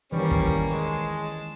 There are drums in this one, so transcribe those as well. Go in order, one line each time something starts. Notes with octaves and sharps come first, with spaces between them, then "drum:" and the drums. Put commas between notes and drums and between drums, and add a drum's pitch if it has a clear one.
D#3 E3 G3 A#3 C#4
drum: kick
G#3 A5